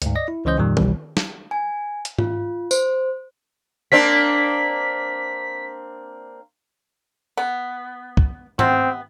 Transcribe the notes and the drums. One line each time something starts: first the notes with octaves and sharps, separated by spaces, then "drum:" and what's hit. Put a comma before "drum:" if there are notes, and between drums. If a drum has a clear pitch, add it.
D2 G#2, drum: hi-hat
D5 D#5 A#6
E4
C#2 E3 C#4 C5 D#5 G6
F2 A#2 D#3 G3
G1 C2 B2 E3 G3, drum: tom D#3
drum: snare
G#5
drum: hi-hat
F4, drum: tom G#2
C5, drum: tambourine
A#3 C4 D4 B6
B3
drum: kick
C3 B3 C4, drum: tom G#2